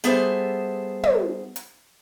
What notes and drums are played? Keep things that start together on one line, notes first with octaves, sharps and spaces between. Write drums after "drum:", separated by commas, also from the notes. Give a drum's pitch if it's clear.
G3 B3 G#4 A4 C5 E5
drum: tom
drum: hi-hat